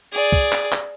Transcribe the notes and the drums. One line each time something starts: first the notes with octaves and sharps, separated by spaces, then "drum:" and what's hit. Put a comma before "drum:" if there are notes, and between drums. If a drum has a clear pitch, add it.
G#4 D5
drum: kick
drum: clap
drum: clap